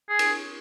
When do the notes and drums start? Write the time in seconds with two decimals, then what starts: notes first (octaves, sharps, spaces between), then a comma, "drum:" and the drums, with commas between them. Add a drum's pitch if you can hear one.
0.09 G#4
0.19 drum: cymbal